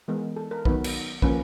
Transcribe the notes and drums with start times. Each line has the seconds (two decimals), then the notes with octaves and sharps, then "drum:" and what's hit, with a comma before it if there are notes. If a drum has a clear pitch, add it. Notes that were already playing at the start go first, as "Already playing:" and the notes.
0.08 E3 G#3 B3 A#4
0.37 A4
0.51 A#4
0.65 D#3 F#3 B3 B4, drum: kick
0.84 drum: cymbal
1.22 F3 A#3 C#4 B4, drum: kick